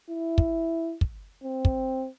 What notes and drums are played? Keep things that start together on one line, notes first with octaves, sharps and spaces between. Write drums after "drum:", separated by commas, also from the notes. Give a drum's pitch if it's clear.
E4
drum: kick
drum: kick
C4
drum: kick